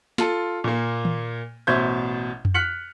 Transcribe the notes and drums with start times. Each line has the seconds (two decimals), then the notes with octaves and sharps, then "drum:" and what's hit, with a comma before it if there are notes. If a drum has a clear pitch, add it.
0.18 F4 A4, drum: snare
0.64 A#2 A#3
1.05 drum: tom D#3
1.67 A1 B2 C5 E5 G6 G#6
2.45 drum: tom F2
2.54 F6 F#6 B6 C#7 F#7